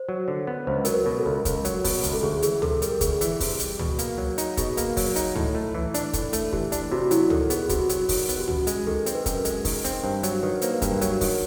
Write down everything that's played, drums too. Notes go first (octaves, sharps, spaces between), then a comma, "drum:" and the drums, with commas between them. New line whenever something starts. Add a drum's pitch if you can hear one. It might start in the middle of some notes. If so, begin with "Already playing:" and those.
Already playing: C5
F#3
D3
B3
C#2 C5
B4
F#3 A#4, drum: hi-hat
B4
B2 A#4
A4
C#2
A#4
C#2, drum: kick, hi-hat
F#3, drum: hi-hat
B2, drum: kick, open hi-hat
C#2, drum: hi-hat
A4
D2 G#4
E3 G#4, drum: hi-hat
C3 A4, drum: tom C#2
G3 A#4, drum: hi-hat
D2 G#4, drum: kick, hi-hat
E3, drum: hi-hat
C3, drum: kick, open hi-hat
G3, drum: hi-hat
B2, drum: tom C#2
A#3, drum: hi-hat
F#3
D#4, drum: hi-hat
B2 G#4, drum: kick, hi-hat
A#3, drum: hi-hat
F#3, drum: kick, open hi-hat
D#4, drum: hi-hat
A2, drum: tom C#2
A3
E3
D4, drum: hi-hat
A2, drum: kick, hi-hat
A3, drum: hi-hat
E3 G4, drum: kick
D4, drum: hi-hat
C3 F#4
F#3 E4, drum: hi-hat
D#3 A4, drum: tom C#2
B3 G#4, drum: hi-hat
C3 F#4, drum: kick, hi-hat
F#3, drum: hi-hat
D#3, drum: kick, open hi-hat
B3, drum: hi-hat
G4
F#2 F#4, drum: tom C#2
G#3, drum: hi-hat
D#3 A4
C4, drum: hi-hat
B4
F#2 A#4, drum: kick, hi-hat
G#3, drum: hi-hat
D#3, drum: kick, open hi-hat
C4, drum: hi-hat
G2 C5
F#3, drum: hi-hat
D#3 B4
A#3 C5, drum: hi-hat
B4
G2 A#4, drum: kick, hi-hat
F#3, drum: hi-hat
D#3, drum: kick, open hi-hat